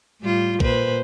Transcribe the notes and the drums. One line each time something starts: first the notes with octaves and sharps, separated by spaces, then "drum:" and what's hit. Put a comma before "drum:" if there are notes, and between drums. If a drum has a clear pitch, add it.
A2 G3 F4
A#2 B4 C5, drum: kick